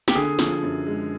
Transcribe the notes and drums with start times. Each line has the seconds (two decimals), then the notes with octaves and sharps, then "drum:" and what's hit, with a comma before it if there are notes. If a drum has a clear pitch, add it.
0.08 G4, drum: snare
0.15 D3 G#4
0.39 F3, drum: snare
0.63 F#2
0.86 G#3